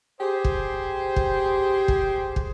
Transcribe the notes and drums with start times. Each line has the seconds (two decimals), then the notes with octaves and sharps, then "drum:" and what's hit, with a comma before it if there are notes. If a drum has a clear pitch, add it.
0.21 G4 G#4 C5
0.44 drum: kick
1.16 drum: kick
1.88 drum: kick
2.36 drum: kick